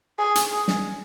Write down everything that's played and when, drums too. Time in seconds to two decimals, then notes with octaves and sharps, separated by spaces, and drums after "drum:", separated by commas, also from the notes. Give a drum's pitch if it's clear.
0.19 G#4
0.35 drum: hi-hat
0.52 G#4
0.68 drum: snare